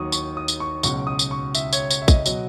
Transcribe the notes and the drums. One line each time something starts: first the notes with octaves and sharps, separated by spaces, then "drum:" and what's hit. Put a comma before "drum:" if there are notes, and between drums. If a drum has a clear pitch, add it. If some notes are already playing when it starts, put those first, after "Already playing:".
Already playing: D#2 D#3 F#3 C#6 D#6
C#6, drum: tambourine
D#6
drum: tambourine
C#6
C#2 B2 F#3 C#6, drum: tambourine
D#6
drum: tambourine
C#6
E5, drum: tambourine
C#5, drum: tambourine
C#5, drum: tambourine
E5
D#5, drum: kick, tambourine
B2 F#3, drum: tambourine